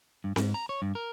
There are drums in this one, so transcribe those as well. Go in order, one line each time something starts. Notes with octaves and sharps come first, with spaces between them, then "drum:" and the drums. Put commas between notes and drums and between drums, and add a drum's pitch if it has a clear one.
G2
G#2, drum: snare C4
A#5
C#5
G2
A#4